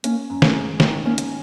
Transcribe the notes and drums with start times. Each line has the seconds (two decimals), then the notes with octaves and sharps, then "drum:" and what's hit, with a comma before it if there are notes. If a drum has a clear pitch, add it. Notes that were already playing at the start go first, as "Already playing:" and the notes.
0.04 A#3 C#4, drum: hi-hat
0.30 F#2
0.42 A3, drum: snare
0.55 G#3
0.80 D#3 A3, drum: snare
1.05 A#3 C#4
1.18 drum: hi-hat